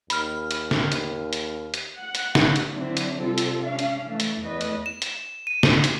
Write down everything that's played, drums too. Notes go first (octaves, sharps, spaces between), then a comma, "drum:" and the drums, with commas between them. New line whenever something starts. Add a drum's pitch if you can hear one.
D#2 B5 F6, drum: hi-hat
drum: hi-hat
drum: snare
drum: hi-hat
drum: hi-hat
drum: hi-hat
F#5
drum: hi-hat
drum: snare
drum: hi-hat
D3 F#3 C4 D4 E4
drum: hi-hat
C3 G3 F4 A4
drum: hi-hat
G#3 C#4 D4 F5
drum: hi-hat
E3 A3
drum: hi-hat
E2 A3 B4 D#5
drum: hi-hat
E7
drum: hi-hat
D#7
drum: snare
drum: hi-hat